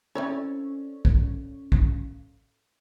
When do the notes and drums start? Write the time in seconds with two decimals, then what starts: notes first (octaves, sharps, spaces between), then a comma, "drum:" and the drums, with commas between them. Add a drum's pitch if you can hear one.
0.15 C4 C#4 E4 A4 C#5 D5
1.05 drum: kick
1.72 drum: kick